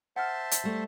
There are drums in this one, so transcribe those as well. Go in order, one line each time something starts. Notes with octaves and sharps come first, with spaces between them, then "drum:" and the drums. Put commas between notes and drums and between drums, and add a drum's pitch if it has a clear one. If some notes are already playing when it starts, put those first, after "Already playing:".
C5 E5 F#5 A5 F6
drum: hi-hat
G3 A3